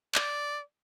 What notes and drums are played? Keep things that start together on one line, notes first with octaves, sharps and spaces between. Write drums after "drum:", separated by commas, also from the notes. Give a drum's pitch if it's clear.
D5, drum: clap